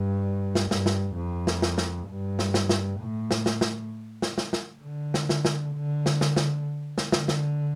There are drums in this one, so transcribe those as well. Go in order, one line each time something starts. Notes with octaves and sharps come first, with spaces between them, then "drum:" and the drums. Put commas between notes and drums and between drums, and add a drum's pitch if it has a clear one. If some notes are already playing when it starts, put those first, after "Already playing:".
Already playing: G2
drum: snare
G2, drum: snare
drum: snare
F2
drum: snare
drum: snare
drum: snare
G2
drum: snare
drum: snare
drum: snare
A2
drum: snare
drum: snare
drum: snare
drum: snare
drum: snare
drum: snare
D3
drum: snare
drum: snare
drum: snare
D3
drum: snare
drum: snare
drum: snare
drum: snare
D3, drum: snare
drum: snare